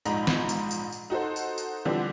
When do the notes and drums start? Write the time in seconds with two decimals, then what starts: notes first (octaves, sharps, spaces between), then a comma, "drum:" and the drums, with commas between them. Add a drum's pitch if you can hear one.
0.05 A#1 G#2 D#4 A#5 B5, drum: tambourine
0.27 drum: snare
0.49 drum: tambourine
0.71 drum: tambourine
0.92 drum: tambourine
1.10 D#4 F#4 A4 C5
1.36 drum: tambourine
1.58 drum: tambourine
1.85 D3 E3 F3 G3 C4 D4